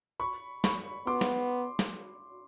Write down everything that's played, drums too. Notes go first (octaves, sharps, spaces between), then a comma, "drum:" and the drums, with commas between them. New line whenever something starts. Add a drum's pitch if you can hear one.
B5 C#6
B5 C#6, drum: snare
B3 C6 D6
drum: snare
drum: snare